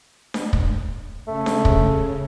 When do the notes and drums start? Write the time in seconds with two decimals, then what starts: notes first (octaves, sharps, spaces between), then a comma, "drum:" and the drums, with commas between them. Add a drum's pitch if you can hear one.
0.34 drum: snare D4
0.53 drum: kick
1.28 C#3 A3
1.46 drum: snare D4
1.65 drum: kick